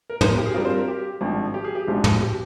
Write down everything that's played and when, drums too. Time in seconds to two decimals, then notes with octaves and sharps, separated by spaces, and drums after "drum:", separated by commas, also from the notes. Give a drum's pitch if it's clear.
0.10 A#4
0.21 C5, drum: tom
0.29 A#4
0.37 G4
0.46 G#4
0.54 G2 G3 C4 F4 A#4
0.65 C5
0.76 A#4
0.88 G4
1.21 G#1 G2 F3
1.54 G4
1.64 G#4
1.75 G4
1.88 A#1 G#2 F3 G#3
2.04 drum: tom
2.21 G4